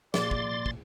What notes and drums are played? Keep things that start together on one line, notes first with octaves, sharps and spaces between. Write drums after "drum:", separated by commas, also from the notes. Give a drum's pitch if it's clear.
A#2 G#4 D5 C6 A6, drum: snare
drum: kick
drum: kick